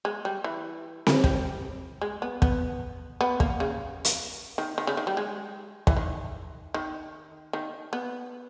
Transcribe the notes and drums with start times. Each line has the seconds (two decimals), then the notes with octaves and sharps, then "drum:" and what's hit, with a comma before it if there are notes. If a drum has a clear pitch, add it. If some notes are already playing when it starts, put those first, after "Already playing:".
0.05 G#3
0.25 G3
0.44 E3
1.07 drum: snare C4
1.24 G3, drum: kick
2.02 G#3
2.22 B3
2.42 B3, drum: kick
3.21 B3
3.40 A#3, drum: kick
3.60 C#3
4.05 drum: hi-hat
4.58 D#3
4.78 D#3
4.87 C#3
4.97 D#3
5.07 G3
5.17 G#3
5.87 E3, drum: kick
5.97 D#3
6.74 D#3
7.53 D#3
7.93 B3